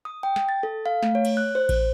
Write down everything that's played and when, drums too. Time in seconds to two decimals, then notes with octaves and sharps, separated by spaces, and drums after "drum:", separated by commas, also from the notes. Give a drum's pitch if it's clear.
0.05 D#6
0.23 G5
0.36 drum: snare
0.49 A6
0.63 A4
0.86 F5
1.03 A3, drum: snare
1.15 C#5
1.25 drum: cymbal
1.37 F#6
1.55 C5
1.69 drum: kick A1, cymbal